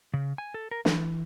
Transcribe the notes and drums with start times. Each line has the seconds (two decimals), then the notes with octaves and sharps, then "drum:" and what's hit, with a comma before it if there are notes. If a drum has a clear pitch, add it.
0.14 C#3
0.38 G#5
0.54 A4
0.71 A#4
0.85 E3, drum: snare